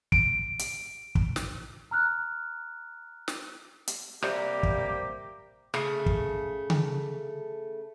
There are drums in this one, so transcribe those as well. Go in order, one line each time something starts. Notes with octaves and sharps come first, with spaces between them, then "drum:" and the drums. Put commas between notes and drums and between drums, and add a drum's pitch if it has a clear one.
D7, drum: kick
drum: hi-hat
drum: kick
drum: snare
A#5 F6 F#6
drum: snare
drum: hi-hat
C3 G3 A#3 G4, drum: rim click
drum: kick
C#3 A3, drum: rim click
drum: kick
drum: tom C#3